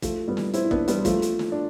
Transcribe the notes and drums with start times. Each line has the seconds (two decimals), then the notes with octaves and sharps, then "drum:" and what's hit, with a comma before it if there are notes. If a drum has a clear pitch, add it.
0.02 F3 A3, drum: kick, hi-hat
0.28 G3 B3
0.37 drum: snare
0.53 C4 E4, drum: hi-hat
0.66 E4
0.71 B3 D4, drum: kick
0.88 G3 B3, drum: hi-hat
1.05 F3 A3, drum: kick, hi-hat
1.22 drum: hi-hat
1.39 drum: snare
1.52 D4